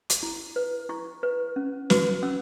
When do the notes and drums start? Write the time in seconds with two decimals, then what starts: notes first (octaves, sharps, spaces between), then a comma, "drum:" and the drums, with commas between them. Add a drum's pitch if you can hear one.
0.10 drum: hi-hat
0.23 E4
0.56 B4
0.89 E4 C#6
1.23 B4
1.56 C#4
1.90 F#4 B4, drum: snare
2.23 C#4 E6